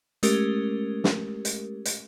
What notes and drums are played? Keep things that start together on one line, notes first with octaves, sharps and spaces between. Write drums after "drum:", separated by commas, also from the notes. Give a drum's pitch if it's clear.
G#3 A3 C#4 G4 A#4, drum: hi-hat
drum: snare
drum: hi-hat
drum: hi-hat